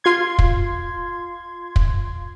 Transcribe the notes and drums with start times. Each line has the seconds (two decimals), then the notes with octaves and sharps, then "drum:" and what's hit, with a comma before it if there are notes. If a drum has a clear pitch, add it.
0.04 F4 C6 G#6
0.39 drum: kick
1.76 drum: kick